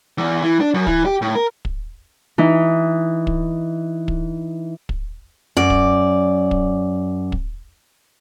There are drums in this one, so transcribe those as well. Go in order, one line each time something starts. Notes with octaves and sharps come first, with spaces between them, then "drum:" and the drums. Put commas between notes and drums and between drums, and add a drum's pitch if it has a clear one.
E2
E3
D4
F#2
E3, drum: kick
G4
A2
A#4
drum: kick
E3 D#4
drum: kick
drum: kick
drum: kick
F#2 D5
drum: kick
drum: kick
drum: kick